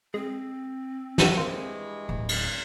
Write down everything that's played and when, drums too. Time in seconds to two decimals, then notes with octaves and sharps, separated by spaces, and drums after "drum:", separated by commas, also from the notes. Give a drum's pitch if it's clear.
0.14 G#3 C4
1.18 drum: snare
1.37 G2 E3 G#3 A#3 C5
2.09 D1
2.29 drum: cymbal